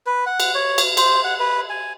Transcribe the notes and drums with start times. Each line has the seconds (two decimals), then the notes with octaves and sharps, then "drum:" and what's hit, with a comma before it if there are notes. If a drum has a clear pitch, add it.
0.07 B4
0.26 F#5
0.40 drum: cymbal
0.55 C#5
0.78 drum: cymbal
0.97 C5, drum: cymbal
1.24 F#5
1.40 B4
1.69 G#5